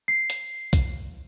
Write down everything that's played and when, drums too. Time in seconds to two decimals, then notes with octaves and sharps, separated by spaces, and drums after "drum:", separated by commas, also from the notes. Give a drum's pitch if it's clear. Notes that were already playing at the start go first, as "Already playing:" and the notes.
0.08 C7
0.30 drum: hi-hat
0.73 drum: kick, hi-hat